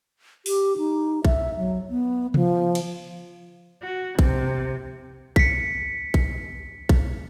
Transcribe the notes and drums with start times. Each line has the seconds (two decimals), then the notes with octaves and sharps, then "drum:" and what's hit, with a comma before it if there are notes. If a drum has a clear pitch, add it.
0.46 G4, drum: open hi-hat
0.78 D#4
1.25 E5, drum: kick A#1
1.57 F#3
1.90 B3
2.34 F3, drum: tom C3
2.75 drum: cymbal
3.82 F#4
4.19 C3, drum: kick A#1
5.36 B6 C#7, drum: kick A#1
6.14 drum: kick A#1
6.89 drum: kick A#1